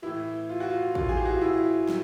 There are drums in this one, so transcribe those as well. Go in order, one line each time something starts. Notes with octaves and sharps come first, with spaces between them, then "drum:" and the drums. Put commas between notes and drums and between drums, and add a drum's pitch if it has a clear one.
A2 E3 E4
F4
F#4
F4
A2 E3 F4, drum: kick
G#4
G4
F#4
F4
E4
A2, drum: snare